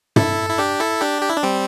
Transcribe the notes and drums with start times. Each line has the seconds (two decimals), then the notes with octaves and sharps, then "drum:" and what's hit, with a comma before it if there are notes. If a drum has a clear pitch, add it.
0.16 E4 A4, drum: tom
0.50 E4
0.58 D4 G4
0.80 E4 A4
1.01 D4 G4
1.22 G4
1.30 E4
1.36 D4
1.43 G3 C4